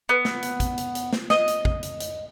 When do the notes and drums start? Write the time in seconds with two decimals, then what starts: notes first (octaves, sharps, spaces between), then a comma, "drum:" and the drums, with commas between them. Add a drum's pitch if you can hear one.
0.09 B3
0.25 drum: snare
0.42 drum: hi-hat
0.60 drum: kick, hi-hat
0.78 drum: hi-hat
0.95 drum: hi-hat
1.13 drum: snare
1.30 D#5, drum: snare
1.48 drum: hi-hat
1.65 drum: kick
1.83 drum: hi-hat
2.00 drum: hi-hat